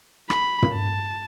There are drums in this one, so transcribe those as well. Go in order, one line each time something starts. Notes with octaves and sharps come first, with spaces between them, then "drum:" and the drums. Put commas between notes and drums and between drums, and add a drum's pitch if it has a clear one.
B5, drum: rim click
drum: tom
A5